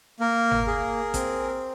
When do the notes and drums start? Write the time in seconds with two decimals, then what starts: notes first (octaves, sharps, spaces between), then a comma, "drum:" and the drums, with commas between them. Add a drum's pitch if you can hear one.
0.20 A#3 A#4
0.51 drum: tom G1
0.67 G#4
1.14 C4, drum: kick A1, hi-hat